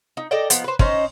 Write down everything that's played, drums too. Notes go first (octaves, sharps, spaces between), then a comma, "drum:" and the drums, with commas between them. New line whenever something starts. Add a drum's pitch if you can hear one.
D#4
A4 D5 D#5 G5
F3 B3 D#4, drum: hi-hat
B4 C5
C#4 D#4 C5 D#5, drum: kick